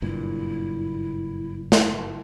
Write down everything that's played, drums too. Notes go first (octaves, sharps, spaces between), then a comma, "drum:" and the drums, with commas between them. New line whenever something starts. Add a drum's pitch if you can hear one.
F#1 G2 A#2 E4
drum: snare